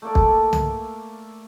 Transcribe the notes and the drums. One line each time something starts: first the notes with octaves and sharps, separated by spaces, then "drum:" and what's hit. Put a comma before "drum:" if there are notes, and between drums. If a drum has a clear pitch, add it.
A3 A#3 A4 D5
drum: kick
drum: tom C2